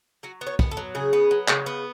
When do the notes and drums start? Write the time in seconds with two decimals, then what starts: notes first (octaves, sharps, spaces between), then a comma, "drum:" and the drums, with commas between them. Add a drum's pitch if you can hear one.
0.23 F#3 F#4
0.41 B3
0.47 C#5
0.59 B3, drum: kick
0.71 A4
0.77 F#3
0.95 C#3 G#4
1.13 B3
1.31 F#3
1.48 C#3, drum: clap
1.66 B3